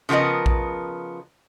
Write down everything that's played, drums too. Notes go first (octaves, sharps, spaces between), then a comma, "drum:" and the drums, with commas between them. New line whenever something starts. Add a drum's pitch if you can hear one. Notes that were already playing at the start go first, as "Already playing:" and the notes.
C#3 F3 B3 A#4 D#5
drum: kick A#1